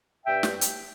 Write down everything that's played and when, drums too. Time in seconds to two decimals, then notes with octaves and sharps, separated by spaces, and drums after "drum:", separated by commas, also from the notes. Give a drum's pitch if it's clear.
0.25 G2 E5 G5
0.43 drum: snare
0.61 drum: hi-hat